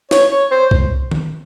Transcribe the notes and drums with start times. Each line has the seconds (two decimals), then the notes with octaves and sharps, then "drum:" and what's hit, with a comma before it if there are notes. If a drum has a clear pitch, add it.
0.11 C#5, drum: snare
0.31 C#5
0.51 C5
0.71 drum: kick C2
1.11 drum: tom D#3